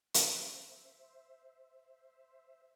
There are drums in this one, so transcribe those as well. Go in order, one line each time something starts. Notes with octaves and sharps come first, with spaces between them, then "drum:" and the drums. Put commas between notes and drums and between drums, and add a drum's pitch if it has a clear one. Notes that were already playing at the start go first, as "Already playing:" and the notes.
C5 E5, drum: hi-hat